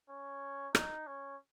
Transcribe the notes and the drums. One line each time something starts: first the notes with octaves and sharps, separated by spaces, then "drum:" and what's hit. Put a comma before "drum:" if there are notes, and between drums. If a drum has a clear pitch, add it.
C#4
D#4, drum: rim click
C#4